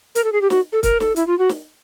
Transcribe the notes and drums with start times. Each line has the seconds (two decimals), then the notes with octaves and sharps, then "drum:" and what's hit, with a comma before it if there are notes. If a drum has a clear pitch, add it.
0.15 A#4, drum: hi-hat
0.24 A4
0.32 G#4
0.42 G4
0.50 F#4, drum: snare
0.73 A4
0.83 A#4, drum: kick, hi-hat
1.00 A4, drum: snare
1.16 E4, drum: hi-hat
1.27 F4
1.39 F#4
1.49 drum: snare